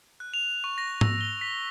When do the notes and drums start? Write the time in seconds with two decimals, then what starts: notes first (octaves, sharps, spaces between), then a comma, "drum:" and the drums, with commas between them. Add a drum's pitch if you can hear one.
0.20 F#6
0.34 F7
0.64 C#6
0.78 A#6
1.01 E6, drum: tom G#2
1.21 G7
1.41 B6